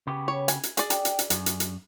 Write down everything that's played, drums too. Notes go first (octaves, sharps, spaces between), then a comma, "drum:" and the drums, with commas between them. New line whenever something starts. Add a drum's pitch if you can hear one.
C#3 B3 G4
C#5
G#5, drum: hi-hat
drum: hi-hat
G#4 D5, drum: hi-hat
G5, drum: hi-hat
drum: hi-hat
drum: hi-hat
F#2, drum: hi-hat
drum: hi-hat
drum: hi-hat